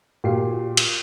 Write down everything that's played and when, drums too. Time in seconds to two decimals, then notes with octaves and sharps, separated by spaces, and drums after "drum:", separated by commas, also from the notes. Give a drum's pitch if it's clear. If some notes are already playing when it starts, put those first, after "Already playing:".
0.24 A#2 F#4 G4 F5 C7
0.77 drum: cymbal